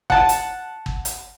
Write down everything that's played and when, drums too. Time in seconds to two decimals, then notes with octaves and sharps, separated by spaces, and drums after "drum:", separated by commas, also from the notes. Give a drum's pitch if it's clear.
0.10 F#5 A5, drum: kick
0.29 drum: hi-hat
0.86 drum: kick
1.05 drum: hi-hat